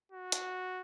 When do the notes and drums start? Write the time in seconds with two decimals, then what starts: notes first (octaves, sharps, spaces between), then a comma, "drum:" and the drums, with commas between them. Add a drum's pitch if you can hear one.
0.12 F#4
0.32 drum: hi-hat